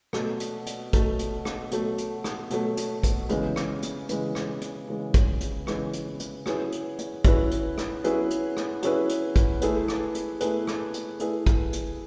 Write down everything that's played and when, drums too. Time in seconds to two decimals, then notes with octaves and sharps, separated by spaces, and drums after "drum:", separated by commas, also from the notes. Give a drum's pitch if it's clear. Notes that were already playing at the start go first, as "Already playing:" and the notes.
0.13 B2 F#3 A3, drum: rim click
0.40 drum: hi-hat
0.66 drum: hi-hat
0.93 B2 F#3 A3, drum: kick, hi-hat
1.19 drum: hi-hat
1.45 drum: rim click
1.71 B2 F#3 A3, drum: hi-hat
1.98 drum: hi-hat
2.24 drum: rim click
2.50 B2 F#3 A3, drum: hi-hat
2.77 drum: hi-hat
3.03 drum: kick, hi-hat
3.29 C#3 E3 G#3, drum: hi-hat
3.56 drum: rim click
3.82 drum: hi-hat
4.09 C#3 E3 G#3, drum: hi-hat
4.35 drum: rim click
4.62 drum: hi-hat
4.88 C#3 E3 G#3
5.14 drum: kick, hi-hat
5.41 drum: hi-hat
5.67 C#3 E3 G#3, drum: rim click
5.93 drum: hi-hat
6.20 drum: hi-hat
6.46 F#3 C#4 E4 G#4 B4, drum: rim click
6.72 drum: hi-hat
6.99 drum: hi-hat
7.25 F#3 C#4 E4 G#4 B4, drum: kick, hi-hat
7.51 drum: hi-hat
7.78 drum: rim click
8.04 F#3 C#4 E4 G#4 B4, drum: hi-hat
8.30 drum: hi-hat
8.57 drum: rim click
8.82 F#3 C#4 E4 G#4 B4, drum: hi-hat
9.09 drum: hi-hat
9.36 drum: kick, hi-hat
9.61 A3 E4 G#4 B4, drum: hi-hat
9.88 drum: rim click
10.15 drum: hi-hat
10.40 A3 E4 G#4 B4, drum: hi-hat
10.67 drum: rim click
10.94 drum: hi-hat
11.20 A3 E4 G#4 B4, drum: hi-hat
11.46 drum: kick, hi-hat
11.73 drum: hi-hat